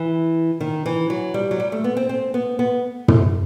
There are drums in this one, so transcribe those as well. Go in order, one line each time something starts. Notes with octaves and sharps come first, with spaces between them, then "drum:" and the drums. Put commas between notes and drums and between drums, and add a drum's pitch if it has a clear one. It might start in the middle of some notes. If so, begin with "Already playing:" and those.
Already playing: E3
D#3
E3
F#3
G3
F#3
G3
A3
B3
C4
C4
B3
B3
drum: tom